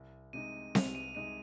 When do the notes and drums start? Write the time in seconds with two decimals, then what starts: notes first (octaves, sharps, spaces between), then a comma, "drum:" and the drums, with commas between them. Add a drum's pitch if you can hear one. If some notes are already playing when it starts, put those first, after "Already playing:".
Already playing: C2
0.33 C3 G#3 D#4 D#7
0.75 C2 F7, drum: snare C4
0.95 D#7
1.15 C3 G#3 D#4 D#7